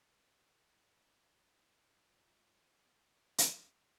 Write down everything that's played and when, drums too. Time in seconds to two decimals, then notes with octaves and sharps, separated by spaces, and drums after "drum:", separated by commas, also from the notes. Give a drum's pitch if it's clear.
0.09 C3 D#3 E4 B4 D5 C6
1.43 D#4 E4
2.05 G#2 G#3 F4
2.89 A3
3.38 drum: hi-hat